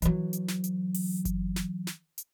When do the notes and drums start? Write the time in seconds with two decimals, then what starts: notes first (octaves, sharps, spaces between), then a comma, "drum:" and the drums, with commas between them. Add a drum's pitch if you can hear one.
0.02 E3 F#3, drum: hi-hat
0.33 drum: hi-hat
0.48 drum: snare
0.64 drum: hi-hat
0.94 drum: open hi-hat
1.25 drum: kick F#1, hi-hat
1.56 drum: snare
1.87 drum: snare
2.18 drum: hi-hat